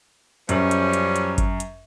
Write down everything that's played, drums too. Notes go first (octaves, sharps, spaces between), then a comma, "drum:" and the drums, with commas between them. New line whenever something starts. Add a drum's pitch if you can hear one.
F#2 F3 G3 C#4, drum: hi-hat
drum: hi-hat
drum: hi-hat
drum: hi-hat
drum: kick G1, hi-hat
drum: hi-hat